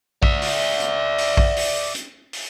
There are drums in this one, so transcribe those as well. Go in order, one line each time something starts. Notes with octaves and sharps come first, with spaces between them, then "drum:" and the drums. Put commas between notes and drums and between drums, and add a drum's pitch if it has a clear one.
D5 E5, drum: kick A#1
drum: open hi-hat
drum: hi-hat
drum: open hi-hat
drum: kick A#1
drum: open hi-hat
drum: hi-hat
drum: open hi-hat